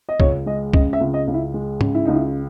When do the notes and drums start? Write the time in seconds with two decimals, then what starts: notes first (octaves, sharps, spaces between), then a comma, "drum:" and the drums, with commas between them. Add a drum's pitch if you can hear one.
0.09 D#5
0.20 C#2 C#5, drum: kick
0.46 G#3 D#5
0.74 C#3 D#5, drum: kick
0.93 E5
1.00 C#2
1.14 D#5
1.27 C#2
1.34 E4
1.54 G#3
1.81 C#3, drum: tom G#2
1.95 E4
2.05 C#2 D#4
2.15 E4